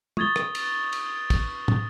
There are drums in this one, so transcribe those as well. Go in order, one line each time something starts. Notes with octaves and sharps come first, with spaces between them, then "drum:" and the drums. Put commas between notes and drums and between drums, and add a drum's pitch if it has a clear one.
C#6 D#6 G#6 A6 G7, drum: tom
drum: rim click
drum: cymbal
drum: cymbal
drum: kick, cymbal
drum: tom